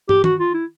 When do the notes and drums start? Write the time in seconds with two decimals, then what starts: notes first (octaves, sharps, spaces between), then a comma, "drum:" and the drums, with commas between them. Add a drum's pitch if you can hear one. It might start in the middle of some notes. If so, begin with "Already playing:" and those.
0.09 G4, drum: tom
0.24 F#4, drum: tom D#3
0.40 F4
0.54 E4